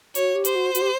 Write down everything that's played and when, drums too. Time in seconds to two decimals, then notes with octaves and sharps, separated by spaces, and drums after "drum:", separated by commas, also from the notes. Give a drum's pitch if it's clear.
0.15 F#4 C#5, drum: hi-hat
0.35 G4
0.45 C5, drum: hi-hat
0.55 F#4
0.75 F#4, drum: hi-hat
0.82 G4